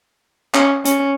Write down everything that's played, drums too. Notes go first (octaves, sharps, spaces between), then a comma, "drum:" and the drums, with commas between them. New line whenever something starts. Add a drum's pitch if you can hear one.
C#4, drum: clap
C#4, drum: hi-hat